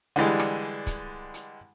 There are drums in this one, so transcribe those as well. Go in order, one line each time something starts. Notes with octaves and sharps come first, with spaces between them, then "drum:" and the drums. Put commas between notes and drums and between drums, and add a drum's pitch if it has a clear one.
D3 E3 G3 G#3
drum: rim click
drum: kick, hi-hat
drum: hi-hat